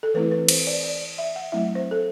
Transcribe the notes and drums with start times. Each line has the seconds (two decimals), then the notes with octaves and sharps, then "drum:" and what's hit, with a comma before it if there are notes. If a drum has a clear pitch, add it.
0.03 A4
0.14 E3 A3 C4 E4 B4
0.31 B4
0.49 C5, drum: cymbal
0.67 D5
0.83 D5
1.18 E5
1.36 F#5
1.52 F#3 A3 C4 E4 E5
1.75 C5
1.91 A4